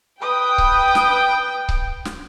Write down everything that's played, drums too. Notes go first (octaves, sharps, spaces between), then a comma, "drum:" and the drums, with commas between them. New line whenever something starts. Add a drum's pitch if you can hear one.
B4 G5 D#6
drum: kick C#1
drum: snare
drum: kick C#1
drum: snare